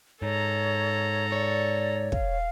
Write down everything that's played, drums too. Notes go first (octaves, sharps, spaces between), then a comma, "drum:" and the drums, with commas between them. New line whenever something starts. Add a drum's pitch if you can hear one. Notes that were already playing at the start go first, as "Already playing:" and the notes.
G#2 A4 C#5 A#5
C#5 D5
F5, drum: kick